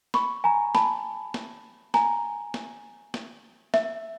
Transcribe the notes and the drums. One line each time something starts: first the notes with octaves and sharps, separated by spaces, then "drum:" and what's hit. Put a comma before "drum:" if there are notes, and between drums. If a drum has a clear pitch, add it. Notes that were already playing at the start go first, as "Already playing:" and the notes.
B5 C#6, drum: snare
G#5 A#5
A5 B5, drum: snare
drum: snare
G#5 A#5, drum: snare
drum: snare
drum: snare
E5, drum: snare